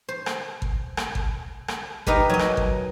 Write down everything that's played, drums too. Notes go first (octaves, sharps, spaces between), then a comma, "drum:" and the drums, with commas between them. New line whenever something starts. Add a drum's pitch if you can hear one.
C5
drum: rim click
drum: kick G#1
drum: rim click
drum: kick G#1
drum: rim click
D#4 G4 A#4 B4, drum: kick G#1
F#3 D#5
drum: rim click
drum: kick G#1